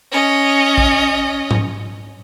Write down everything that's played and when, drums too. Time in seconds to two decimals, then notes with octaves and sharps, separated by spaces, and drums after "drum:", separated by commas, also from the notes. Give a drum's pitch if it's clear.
0.12 C#4 D#5
0.78 drum: kick A#1
1.51 drum: tom G#2